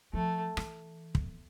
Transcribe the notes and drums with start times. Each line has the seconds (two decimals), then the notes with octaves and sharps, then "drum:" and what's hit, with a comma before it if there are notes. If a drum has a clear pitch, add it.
0.13 F3 A3
0.57 E3, drum: rim click
1.15 drum: kick